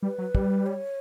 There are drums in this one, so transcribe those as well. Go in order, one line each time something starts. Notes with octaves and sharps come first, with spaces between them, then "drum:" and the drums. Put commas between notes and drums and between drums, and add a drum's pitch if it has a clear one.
G3 B4
F#3
G3, drum: kick
C#5